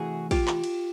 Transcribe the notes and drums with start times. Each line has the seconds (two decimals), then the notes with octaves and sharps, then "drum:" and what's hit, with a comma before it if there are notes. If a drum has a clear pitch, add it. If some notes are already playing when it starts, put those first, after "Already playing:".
Already playing: C3 E3 A3 F#4 G#4
0.31 F4 G4, drum: kick, cymbal
0.48 drum: clap
0.64 drum: cymbal